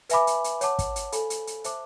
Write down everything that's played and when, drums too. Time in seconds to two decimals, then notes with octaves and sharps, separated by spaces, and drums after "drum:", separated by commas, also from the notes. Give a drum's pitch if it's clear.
0.10 B4 E5 G#5 B5 D6, drum: hi-hat
0.27 drum: hi-hat
0.44 drum: hi-hat
0.61 C#5 F#5 A5 D6, drum: hi-hat
0.79 drum: kick, hi-hat
0.96 drum: hi-hat
1.12 A4 C5 F5 G#5 B5, drum: hi-hat
1.30 drum: hi-hat
1.47 drum: hi-hat
1.64 C5 E5 A5 D6, drum: hi-hat